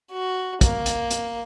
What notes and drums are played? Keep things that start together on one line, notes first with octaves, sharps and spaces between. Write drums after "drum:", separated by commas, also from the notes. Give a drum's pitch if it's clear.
F#4
A#3, drum: kick, hi-hat
drum: hi-hat
drum: hi-hat